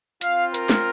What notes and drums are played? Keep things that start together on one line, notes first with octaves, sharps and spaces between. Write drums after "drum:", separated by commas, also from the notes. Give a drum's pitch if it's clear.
C4 F4 F5, drum: hi-hat
A#4, drum: hi-hat
drum: snare